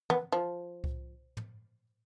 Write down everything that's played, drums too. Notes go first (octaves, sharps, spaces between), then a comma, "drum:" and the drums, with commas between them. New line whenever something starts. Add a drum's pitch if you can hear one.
B3, drum: tom
F3
drum: kick C2
drum: tom